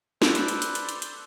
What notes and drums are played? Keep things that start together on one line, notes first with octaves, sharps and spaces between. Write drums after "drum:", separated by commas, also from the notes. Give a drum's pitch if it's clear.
A4 B4 C5 D5, drum: snare
drum: hi-hat
drum: hi-hat
drum: hi-hat
drum: hi-hat
drum: hi-hat
drum: hi-hat